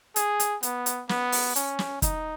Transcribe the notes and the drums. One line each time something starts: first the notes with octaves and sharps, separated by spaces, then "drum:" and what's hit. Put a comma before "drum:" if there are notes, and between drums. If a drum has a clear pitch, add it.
G#4, drum: hi-hat
drum: hi-hat
B3, drum: hi-hat
drum: hi-hat
B3, drum: snare
drum: open hi-hat
C#4, drum: hi-hat
drum: snare
D#4, drum: kick, hi-hat